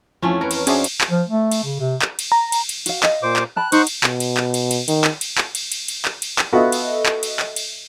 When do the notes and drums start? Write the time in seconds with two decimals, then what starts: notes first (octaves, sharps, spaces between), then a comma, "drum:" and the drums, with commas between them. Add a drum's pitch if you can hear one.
0.22 F2 E3 F3 A3 C#4 G#5
0.41 A#4 B4 C#5
0.51 drum: cymbal
0.67 C#4 D4 F#4 G#4 C5 E5, drum: cymbal
0.84 drum: cymbal
1.01 drum: clap
1.11 F3
1.28 A3
1.52 drum: cymbal
1.63 C#3
1.79 C3
2.02 drum: clap
2.19 drum: cymbal
2.32 A#5
2.52 drum: cymbal
2.69 drum: cymbal
2.86 F#4 F5, drum: cymbal
3.03 D#5 F5, drum: clap
3.23 A#2 C5 D6
3.36 drum: clap
3.56 G5 A5 B5 F#6
3.72 D#4 C5 F#5 C#6 F#6, drum: cymbal
3.87 drum: cymbal
4.04 B2, drum: clap
4.20 drum: cymbal
4.37 drum: clap
4.54 drum: cymbal
4.71 drum: cymbal
4.88 D#3, drum: cymbal
5.04 drum: clap
5.21 drum: cymbal
5.38 drum: clap
5.55 drum: cymbal
5.72 drum: cymbal
5.88 drum: cymbal
6.05 drum: clap
6.22 drum: cymbal
6.39 drum: clap
6.52 B3 F4 F#4 A4 D#5 E5
6.72 drum: cymbal
7.06 drum: clap
7.23 drum: cymbal
7.40 drum: clap
7.56 drum: cymbal